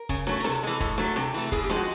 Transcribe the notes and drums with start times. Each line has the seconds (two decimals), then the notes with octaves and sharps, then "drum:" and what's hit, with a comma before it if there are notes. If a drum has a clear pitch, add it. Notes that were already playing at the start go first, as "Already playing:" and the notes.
Already playing: A#4
0.09 C#3, drum: kick, hi-hat
0.27 F#3 A3, drum: snare
0.40 A#4
0.44 C3 A4, drum: snare
0.63 E3 G#3, drum: hi-hat
0.80 A2, drum: kick, hi-hat
0.98 F#3 A3, drum: snare
1.16 C3, drum: snare
1.34 E3 A3, drum: hi-hat
1.52 A2 G#4, drum: kick, hi-hat
1.64 G4
1.69 F3 G#3, drum: snare
1.76 F#4